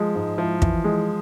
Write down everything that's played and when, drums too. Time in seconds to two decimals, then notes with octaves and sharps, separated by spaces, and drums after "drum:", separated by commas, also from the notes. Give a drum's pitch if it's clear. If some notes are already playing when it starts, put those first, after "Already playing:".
Already playing: F3 G#3
0.15 G#2
0.38 F3 E4
0.62 E3, drum: kick
0.84 G#3